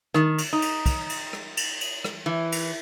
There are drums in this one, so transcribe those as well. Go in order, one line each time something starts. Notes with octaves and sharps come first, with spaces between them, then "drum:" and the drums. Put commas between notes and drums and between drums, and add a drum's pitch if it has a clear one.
D#3, drum: rim click
drum: cymbal
D#4
drum: cymbal
drum: kick, cymbal
drum: cymbal
drum: rim click
drum: cymbal
drum: cymbal
drum: rim click
E3
drum: cymbal